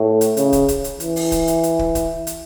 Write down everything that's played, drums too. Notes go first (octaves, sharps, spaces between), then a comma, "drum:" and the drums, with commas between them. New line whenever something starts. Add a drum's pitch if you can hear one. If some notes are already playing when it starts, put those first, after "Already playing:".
Already playing: A2
drum: hi-hat
C#3, drum: hi-hat
drum: kick, hi-hat
drum: kick, hi-hat
drum: hi-hat
E3, drum: hi-hat
drum: open hi-hat
drum: kick, hi-hat
drum: hi-hat
drum: hi-hat
drum: kick
drum: kick, hi-hat
drum: hi-hat